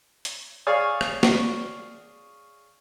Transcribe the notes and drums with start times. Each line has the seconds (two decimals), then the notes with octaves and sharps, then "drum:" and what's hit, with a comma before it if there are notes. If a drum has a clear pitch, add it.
0.25 drum: hi-hat
0.67 G#4 C#5 D5 F5
1.01 drum: rim click
1.23 drum: snare